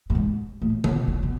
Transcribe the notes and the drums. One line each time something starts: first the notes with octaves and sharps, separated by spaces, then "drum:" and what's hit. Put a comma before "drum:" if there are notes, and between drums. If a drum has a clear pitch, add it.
A2
G#2
A2
B2, drum: tom D3
D3
B2